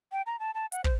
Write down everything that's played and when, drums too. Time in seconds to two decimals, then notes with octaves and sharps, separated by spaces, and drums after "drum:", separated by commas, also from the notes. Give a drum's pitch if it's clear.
0.12 G5
0.26 A#5
0.39 A5
0.54 A5
0.72 F#5, drum: hi-hat
0.84 C5, drum: kick